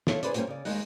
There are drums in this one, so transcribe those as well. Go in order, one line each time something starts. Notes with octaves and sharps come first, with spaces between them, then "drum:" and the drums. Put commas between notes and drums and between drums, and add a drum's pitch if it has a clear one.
F4 A4 C#5 E5, drum: snare
D4 D#4 G#4 B4 C5 D5, drum: hi-hat
G3 A#3 C#4 G4 C5 G5, drum: hi-hat
C#3 D5
D#2 G#3 A#3 D#4 F#5, drum: open hi-hat